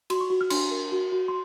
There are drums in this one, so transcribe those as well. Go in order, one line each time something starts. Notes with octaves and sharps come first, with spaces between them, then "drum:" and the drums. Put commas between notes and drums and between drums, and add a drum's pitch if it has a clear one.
F#4 C6, drum: cymbal
C#6
F#4
F6
D4 C6, drum: cymbal
A#4
F#4
F#4
C6